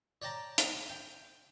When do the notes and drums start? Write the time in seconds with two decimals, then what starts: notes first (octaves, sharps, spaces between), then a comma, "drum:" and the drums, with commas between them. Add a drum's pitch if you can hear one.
0.22 C#5 D5 G5 A5 A#5
0.58 drum: hi-hat
0.90 G5